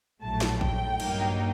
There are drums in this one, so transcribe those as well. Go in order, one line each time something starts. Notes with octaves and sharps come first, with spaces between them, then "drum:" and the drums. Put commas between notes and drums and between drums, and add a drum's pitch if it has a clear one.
A#1 A2 F#3 A3 A5
drum: snare
G5, drum: kick
G2 F#3 A#3 D#4, drum: cymbal